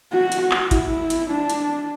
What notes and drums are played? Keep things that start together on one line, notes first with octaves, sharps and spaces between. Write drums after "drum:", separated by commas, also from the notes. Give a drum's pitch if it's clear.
F#4
drum: hi-hat
F#4
drum: clap
E4, drum: kick G#1, hi-hat
drum: hi-hat
D4
drum: hi-hat